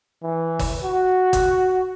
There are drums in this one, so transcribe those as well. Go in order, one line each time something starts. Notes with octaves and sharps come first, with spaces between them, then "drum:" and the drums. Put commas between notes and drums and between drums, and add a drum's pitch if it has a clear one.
E3
drum: kick, open hi-hat
F#4
drum: kick, hi-hat